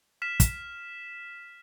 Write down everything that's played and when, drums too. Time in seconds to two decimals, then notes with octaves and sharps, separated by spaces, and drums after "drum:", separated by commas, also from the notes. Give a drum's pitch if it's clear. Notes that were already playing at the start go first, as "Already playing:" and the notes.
0.22 F6 B6 E7
0.40 drum: kick, hi-hat